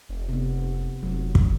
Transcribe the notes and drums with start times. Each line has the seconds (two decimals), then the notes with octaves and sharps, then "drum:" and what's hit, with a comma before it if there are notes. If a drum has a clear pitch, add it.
0.09 F1
0.29 C3 B3
1.03 F1 F#3
1.35 drum: kick